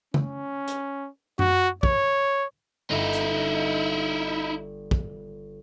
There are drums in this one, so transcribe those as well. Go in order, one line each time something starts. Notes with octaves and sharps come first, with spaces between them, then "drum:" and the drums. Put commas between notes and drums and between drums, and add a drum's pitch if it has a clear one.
C#4, drum: tom C#3
drum: hi-hat
F#4, drum: tom F#2
C#5, drum: kick
G1 D#4 E4
drum: hi-hat
drum: kick